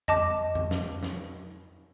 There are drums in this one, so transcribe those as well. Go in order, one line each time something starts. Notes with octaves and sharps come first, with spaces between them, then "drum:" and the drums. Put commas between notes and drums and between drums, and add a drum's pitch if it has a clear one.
D#5 A5 D6, drum: tom F2
drum: tom F2
drum: snare
drum: snare